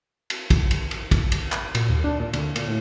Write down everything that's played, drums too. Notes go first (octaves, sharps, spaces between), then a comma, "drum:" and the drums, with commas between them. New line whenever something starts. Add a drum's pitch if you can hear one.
drum: cymbal
drum: kick, cymbal
drum: cymbal
drum: cymbal
drum: kick, cymbal
drum: cymbal
drum: clap
A#2, drum: cymbal
D#2
D4
A#2
D2, drum: cymbal
A#2, drum: cymbal
A2